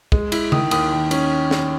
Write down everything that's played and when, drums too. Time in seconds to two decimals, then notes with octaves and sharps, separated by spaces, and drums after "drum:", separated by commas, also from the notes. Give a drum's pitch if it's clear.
0.12 G#3, drum: kick
0.32 E4, drum: cymbal
0.52 D#3 D#6, drum: tom C#3
0.71 D#2 D#6, drum: cymbal
0.92 D#3
1.11 C#4, drum: cymbal
1.51 drum: snare